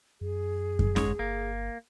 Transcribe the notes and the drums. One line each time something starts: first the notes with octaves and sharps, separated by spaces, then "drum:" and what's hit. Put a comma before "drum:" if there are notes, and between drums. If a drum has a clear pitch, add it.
F#2 G#4
drum: kick F#2
G1 G#2 G#3 C#5, drum: snare C#4
G1 A#3